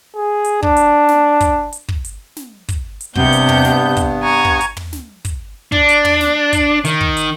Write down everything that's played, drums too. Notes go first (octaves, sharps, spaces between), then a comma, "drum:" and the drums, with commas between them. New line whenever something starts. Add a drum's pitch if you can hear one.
G#4
drum: hi-hat
D4, drum: kick
drum: hi-hat
drum: snare
drum: kick, hi-hat
drum: hi-hat
drum: kick
drum: hi-hat
drum: snare
drum: kick, hi-hat
drum: hi-hat
G2 C3 B3 G6, drum: kick
drum: hi-hat
drum: tom
drum: snare
drum: kick, hi-hat
G#5 A#5 C#6
drum: kick
drum: hi-hat
drum: tom
drum: snare
drum: kick, hi-hat
D4, drum: kick
drum: hi-hat
drum: tom
drum: snare
drum: kick, hi-hat
D#3, drum: hi-hat
drum: kick
drum: hi-hat